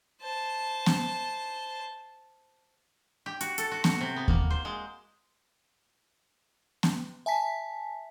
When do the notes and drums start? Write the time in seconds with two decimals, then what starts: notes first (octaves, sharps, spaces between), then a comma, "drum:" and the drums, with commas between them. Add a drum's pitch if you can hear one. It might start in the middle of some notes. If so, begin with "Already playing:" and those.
0.22 C5 A5
0.86 drum: snare B3
3.26 G4
3.41 F#4, drum: hi-hat
3.58 A4, drum: hi-hat
3.71 F#4
3.84 F#4, drum: snare B3
4.01 C3
4.16 B3
4.28 A#3, drum: kick D#2
4.50 C5
4.65 G#3
6.83 drum: snare B3
7.26 E5 G#5 A5 B6